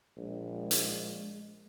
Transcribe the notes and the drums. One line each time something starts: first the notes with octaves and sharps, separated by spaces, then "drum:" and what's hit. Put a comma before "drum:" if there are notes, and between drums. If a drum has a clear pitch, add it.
A#1 G#3
drum: hi-hat